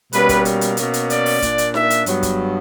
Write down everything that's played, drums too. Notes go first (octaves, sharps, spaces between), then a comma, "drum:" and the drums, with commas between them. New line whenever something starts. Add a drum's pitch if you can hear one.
B2 G3 A#3 C#4 B4, drum: hi-hat
drum: kick, hi-hat
drum: hi-hat
drum: hi-hat
B2 A#3 C#4, drum: hi-hat
drum: hi-hat
D5, drum: hi-hat
drum: open hi-hat
A#2 A#3 D4, drum: kick, hi-hat
drum: hi-hat
E5, drum: snare D#4
drum: hi-hat
G2 F#3 B3, drum: hi-hat
drum: kick, hi-hat